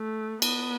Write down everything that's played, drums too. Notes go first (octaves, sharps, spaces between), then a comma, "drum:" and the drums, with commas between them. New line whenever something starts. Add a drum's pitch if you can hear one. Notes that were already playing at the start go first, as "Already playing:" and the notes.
Already playing: A3
B3, drum: cymbal